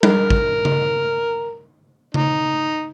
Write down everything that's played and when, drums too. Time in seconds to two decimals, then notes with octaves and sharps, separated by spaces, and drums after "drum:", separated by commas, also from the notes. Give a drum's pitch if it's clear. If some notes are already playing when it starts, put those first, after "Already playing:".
0.03 A#4, drum: tom G3
0.30 drum: kick
0.65 drum: tom C#3
2.14 D#4, drum: tom C#3